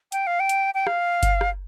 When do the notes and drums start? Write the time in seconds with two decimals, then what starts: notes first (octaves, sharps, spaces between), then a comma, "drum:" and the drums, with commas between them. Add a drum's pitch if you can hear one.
0.12 G5, drum: hi-hat
0.27 F5
0.40 G5
0.49 drum: hi-hat
0.74 G5
0.87 F5, drum: rim click
1.23 drum: kick G1, hi-hat
1.41 drum: rim click